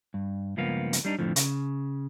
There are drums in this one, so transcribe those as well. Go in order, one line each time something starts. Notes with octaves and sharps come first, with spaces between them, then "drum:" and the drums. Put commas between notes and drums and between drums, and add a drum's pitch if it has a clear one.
G2
C#2 G2 F3 A#3 B3 F5
drum: hi-hat
G3 D4 D#4
F2 A2 D3 F3
C#3, drum: hi-hat